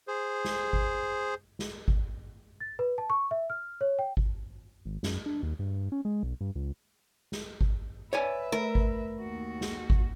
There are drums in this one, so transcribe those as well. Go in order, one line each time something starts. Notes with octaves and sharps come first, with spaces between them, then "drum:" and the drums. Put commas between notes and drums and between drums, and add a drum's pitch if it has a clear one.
G#4 C5
drum: snare
drum: kick G#1
drum: snare
drum: kick G#1
A6
B4
A5
C#6
E5
F6
C#5
G5
drum: kick G#1
G#1
F#2, drum: snare
D4
D#2
G2
G2
C#4
G#3
B1
G2
C#2
drum: snare
drum: kick G#1
B4 C#5 D5 E5 G#5
A3 A#4
drum: kick G#1
D#2 F#4
drum: snare
drum: kick G#1